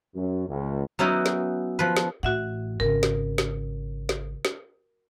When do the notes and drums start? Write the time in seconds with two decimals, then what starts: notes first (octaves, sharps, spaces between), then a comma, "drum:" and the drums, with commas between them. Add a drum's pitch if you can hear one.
0.15 F#2
0.49 C#2
0.99 F#3 B3 C#4 D#4 E4 F#4
1.26 drum: snare
1.79 F3 B4
1.97 drum: snare
2.23 A1 A2 F#4 E5 F#5
2.80 G#1 C#3 A#4
3.03 drum: snare
3.38 drum: snare
4.09 drum: snare
4.45 drum: snare